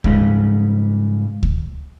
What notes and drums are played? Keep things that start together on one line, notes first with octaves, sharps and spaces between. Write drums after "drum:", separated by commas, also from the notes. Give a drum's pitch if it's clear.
G#2 C#3 G3 G#3, drum: kick D2
drum: kick D2